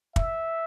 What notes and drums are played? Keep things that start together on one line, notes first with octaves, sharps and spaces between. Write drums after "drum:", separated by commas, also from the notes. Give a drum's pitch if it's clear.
E5, drum: kick